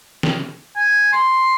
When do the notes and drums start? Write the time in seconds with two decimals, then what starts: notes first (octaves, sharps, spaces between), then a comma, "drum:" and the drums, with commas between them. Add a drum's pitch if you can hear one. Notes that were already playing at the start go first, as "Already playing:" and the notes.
0.23 drum: snare
0.76 G#5
1.13 C6